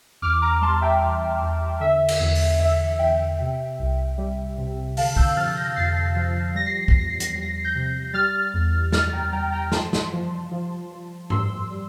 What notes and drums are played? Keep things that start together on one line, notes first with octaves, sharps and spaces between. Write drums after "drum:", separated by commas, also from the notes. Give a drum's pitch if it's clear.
E2 D6 F6
A#5 D6
G3 A5 C6
E5 G5
E2
E2
D3 E5
drum: cymbal
E2
drum: open hi-hat
E2 E5
E2 E5 G5
C3
C2
G3
C3
D3 F5 A5, drum: open hi-hat
E6 G6, drum: kick
F3 F6 A6
G6 A#6
F2 A6 C7
F3
G3 A#6
C7
A#6
C7, drum: kick
E2 A#6
C7
A#6, drum: hi-hat
G3 C7
A#6
C7
G6 A#6
C3
G3 F6 A6
E2
G3 F6 A6, drum: snare
G5 A#5
G3 G5 A#5
G5 A#5
F3 A5 C6, drum: snare
drum: snare
F3
F3
F3
G3 C6 E6, drum: tom G#2
G3